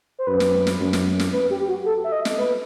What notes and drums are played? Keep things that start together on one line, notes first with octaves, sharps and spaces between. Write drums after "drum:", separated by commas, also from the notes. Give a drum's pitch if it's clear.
C5
F#2 B4
drum: snare
drum: snare
F#2
drum: snare
drum: snare
B4
G4
F#4
A4
E5
D#5
drum: snare
B4